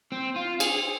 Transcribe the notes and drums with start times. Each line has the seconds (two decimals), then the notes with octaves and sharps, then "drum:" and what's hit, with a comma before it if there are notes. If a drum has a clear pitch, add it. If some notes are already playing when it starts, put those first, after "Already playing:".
0.12 C4
0.36 F4
0.60 G#4, drum: cymbal